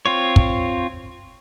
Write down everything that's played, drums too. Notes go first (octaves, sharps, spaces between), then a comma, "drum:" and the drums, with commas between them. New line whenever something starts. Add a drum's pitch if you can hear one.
C4 F4 C#5
drum: kick